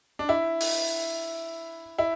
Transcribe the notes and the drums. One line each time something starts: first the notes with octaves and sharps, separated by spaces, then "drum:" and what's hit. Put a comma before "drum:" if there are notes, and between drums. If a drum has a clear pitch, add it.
D4
E4
drum: open hi-hat
E4